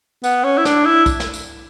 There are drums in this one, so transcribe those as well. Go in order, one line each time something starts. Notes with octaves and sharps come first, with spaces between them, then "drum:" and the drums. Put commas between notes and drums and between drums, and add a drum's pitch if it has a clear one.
B3, drum: tambourine
C#4
E4
D4, drum: snare
E4
drum: kick, tambourine
drum: snare
drum: tambourine